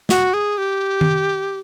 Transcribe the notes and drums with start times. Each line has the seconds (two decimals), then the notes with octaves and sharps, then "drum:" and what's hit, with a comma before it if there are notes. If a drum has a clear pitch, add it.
0.09 F#4, drum: snare
0.34 G#4
0.58 G4
1.01 drum: tom D#3